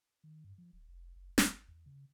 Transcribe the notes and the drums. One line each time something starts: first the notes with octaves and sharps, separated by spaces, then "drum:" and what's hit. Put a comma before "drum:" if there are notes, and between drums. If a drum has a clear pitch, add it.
D#3
G2
F3
D1
F1
F#1
F#1, drum: snare
G#1
E2
C#3